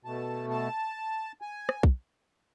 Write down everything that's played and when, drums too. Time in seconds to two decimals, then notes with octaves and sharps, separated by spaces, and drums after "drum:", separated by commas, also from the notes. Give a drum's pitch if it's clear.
0.05 B2 A3 A5
0.50 A5
1.41 G#5
1.69 drum: rim click
1.83 drum: kick